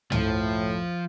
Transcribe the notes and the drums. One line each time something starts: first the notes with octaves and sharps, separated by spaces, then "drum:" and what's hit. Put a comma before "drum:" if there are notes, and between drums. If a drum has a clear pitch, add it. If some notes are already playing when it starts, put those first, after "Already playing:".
A2 F3, drum: tom